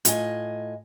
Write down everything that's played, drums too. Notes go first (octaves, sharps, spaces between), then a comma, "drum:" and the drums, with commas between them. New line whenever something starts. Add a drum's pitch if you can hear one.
A2 F4 D#5 G#5, drum: hi-hat